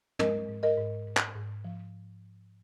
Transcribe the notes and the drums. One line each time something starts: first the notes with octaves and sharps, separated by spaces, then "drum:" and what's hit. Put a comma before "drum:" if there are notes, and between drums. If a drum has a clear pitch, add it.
G#3 A#4 D#5, drum: tom
G#2
A#4 D#5
G#2
G#2
drum: clap
G#2
F3